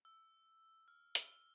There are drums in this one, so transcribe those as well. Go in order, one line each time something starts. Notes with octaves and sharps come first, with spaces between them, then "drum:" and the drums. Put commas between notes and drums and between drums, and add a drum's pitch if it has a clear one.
E6
F6
G7, drum: hi-hat